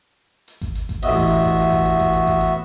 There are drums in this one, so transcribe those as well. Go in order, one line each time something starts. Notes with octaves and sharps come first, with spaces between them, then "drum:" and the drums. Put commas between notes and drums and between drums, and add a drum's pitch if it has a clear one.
drum: hi-hat
drum: kick G#1, hi-hat
drum: hi-hat
drum: kick G#1, hi-hat
A1 B3 F#4 D#5 E5, drum: hi-hat
drum: kick G#1, hi-hat
drum: hi-hat
drum: kick G#1, hi-hat
drum: hi-hat
drum: kick G#1, hi-hat
drum: hi-hat
drum: kick G#1, hi-hat
drum: hi-hat
drum: kick G#1, hi-hat
drum: hi-hat